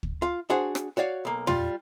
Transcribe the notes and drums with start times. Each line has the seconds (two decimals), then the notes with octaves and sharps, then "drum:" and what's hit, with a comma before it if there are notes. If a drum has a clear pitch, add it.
0.03 drum: kick D2
0.22 F4 F5
0.50 D4 F#4 G#4 C5 F#5
0.75 drum: rim click
0.97 F#4 C#5 D5 F5
1.25 B1 A#3
1.47 G3 F4, drum: tom